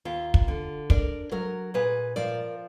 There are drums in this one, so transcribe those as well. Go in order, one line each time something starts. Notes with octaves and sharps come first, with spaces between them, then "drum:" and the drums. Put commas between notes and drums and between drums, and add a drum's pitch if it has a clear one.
D#2 F4
drum: kick
D3
D4 A#4 D5, drum: kick
F#3 F#4 A#4
A#2 G#4 B4
F3 A#4 D5